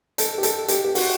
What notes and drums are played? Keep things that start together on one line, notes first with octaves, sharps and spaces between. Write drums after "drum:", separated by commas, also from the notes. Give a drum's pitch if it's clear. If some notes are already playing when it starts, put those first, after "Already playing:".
A4, drum: hi-hat
G4
A4, drum: hi-hat
G4, drum: hi-hat
G4
F#4, drum: open hi-hat